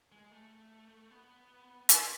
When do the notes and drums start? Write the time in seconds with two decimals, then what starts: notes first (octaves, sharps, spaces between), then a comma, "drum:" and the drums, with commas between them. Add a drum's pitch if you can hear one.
0.12 G#3
0.31 A3
1.11 B3
1.89 C#4, drum: hi-hat